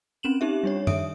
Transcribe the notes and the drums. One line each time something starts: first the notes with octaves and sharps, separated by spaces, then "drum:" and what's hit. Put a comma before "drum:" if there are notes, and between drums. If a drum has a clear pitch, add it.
C4 C#4 E7 F#7
D#4 G4 E5
G3 D4 C#5
D#3 E5 D#6 D7, drum: tom F#2